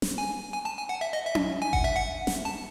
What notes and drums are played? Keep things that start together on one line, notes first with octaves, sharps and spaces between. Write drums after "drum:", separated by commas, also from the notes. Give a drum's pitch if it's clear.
drum: snare
G#5
G#5
A5
G#5
F#5
E5
D#5
E5
drum: tom C#4
G#5
F#5, drum: kick G1
E5
F#5
drum: snare
A5